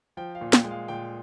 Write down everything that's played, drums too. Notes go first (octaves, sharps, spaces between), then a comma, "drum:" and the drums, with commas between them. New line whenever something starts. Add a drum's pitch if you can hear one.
F3 G5
F5
A#2
G5, drum: snare
G#3
F5
A#2 G5